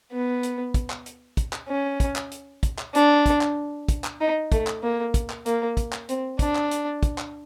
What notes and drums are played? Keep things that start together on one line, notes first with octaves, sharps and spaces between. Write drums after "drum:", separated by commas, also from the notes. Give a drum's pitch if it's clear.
B3
drum: hi-hat
drum: kick, hi-hat
drum: clap
drum: hi-hat
drum: kick, hi-hat
drum: clap
C#4
drum: kick, hi-hat
drum: clap
drum: hi-hat
drum: kick, hi-hat
drum: clap
D4, drum: hi-hat
drum: kick, hi-hat
drum: clap
drum: kick, hi-hat
drum: clap
D#4
A3, drum: kick, hi-hat
drum: clap
A#3
drum: kick, hi-hat
drum: clap
A#3, drum: hi-hat
drum: kick, hi-hat
drum: clap
C4, drum: hi-hat
D4, drum: kick, hi-hat
drum: clap
drum: hi-hat
drum: kick, hi-hat
drum: clap